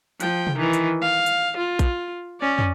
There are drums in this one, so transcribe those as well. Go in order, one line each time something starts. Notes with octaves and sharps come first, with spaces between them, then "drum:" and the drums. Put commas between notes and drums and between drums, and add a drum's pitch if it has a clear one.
F3 G5, drum: hi-hat
drum: tom C3
D#3 E3
drum: hi-hat
F5
drum: hi-hat
F4
drum: kick A#1, hi-hat
C#4 D5
drum: tom